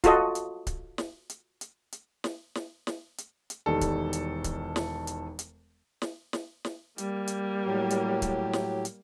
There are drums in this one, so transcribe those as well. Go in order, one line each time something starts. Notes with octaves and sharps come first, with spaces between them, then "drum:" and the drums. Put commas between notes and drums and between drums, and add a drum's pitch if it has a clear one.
F4 F#4 A4 D#5, drum: kick C#1, hi-hat
drum: hi-hat
drum: kick C#1, hi-hat
drum: snare
drum: hi-hat
drum: hi-hat
drum: hi-hat
drum: snare
drum: snare
drum: snare
drum: hi-hat
drum: hi-hat
E1 D#3 G3 A4
drum: kick C#1, hi-hat
drum: hi-hat
drum: kick C#1, hi-hat
drum: snare
drum: hi-hat
drum: hi-hat
drum: snare
drum: snare
drum: snare
G3 A#3, drum: hi-hat
drum: hi-hat
A2 F#3 G4
drum: hi-hat
drum: kick C#1, hi-hat
drum: snare
drum: hi-hat